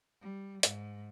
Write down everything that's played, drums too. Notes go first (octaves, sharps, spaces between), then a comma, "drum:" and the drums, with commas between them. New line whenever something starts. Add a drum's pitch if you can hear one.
G3
G#2, drum: hi-hat